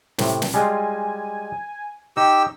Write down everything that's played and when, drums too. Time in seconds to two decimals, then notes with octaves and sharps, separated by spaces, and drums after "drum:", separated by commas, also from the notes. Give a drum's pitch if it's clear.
0.18 A2 C3, drum: snare
0.42 drum: snare
0.54 G3 G#3 F4 G#5
2.17 D#4 G4 E6